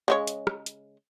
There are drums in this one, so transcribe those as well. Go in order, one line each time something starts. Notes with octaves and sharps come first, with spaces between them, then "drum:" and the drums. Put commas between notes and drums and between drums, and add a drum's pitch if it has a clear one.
C#3 G#3 C#5
drum: hi-hat
drum: rim click
drum: hi-hat